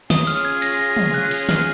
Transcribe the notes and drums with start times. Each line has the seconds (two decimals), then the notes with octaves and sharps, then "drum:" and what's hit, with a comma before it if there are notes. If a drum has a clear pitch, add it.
0.10 C#4 F4 G#4 D#6, drum: snare
0.27 F6, drum: cymbal
0.45 G#6
0.62 A#6, drum: cymbal
0.79 A#6
0.97 drum: tom
1.14 F#6
1.31 drum: cymbal
1.49 F6, drum: snare